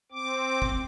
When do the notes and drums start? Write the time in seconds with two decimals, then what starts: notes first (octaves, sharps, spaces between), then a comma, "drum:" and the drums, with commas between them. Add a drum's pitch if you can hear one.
0.12 C4 D6
0.62 drum: kick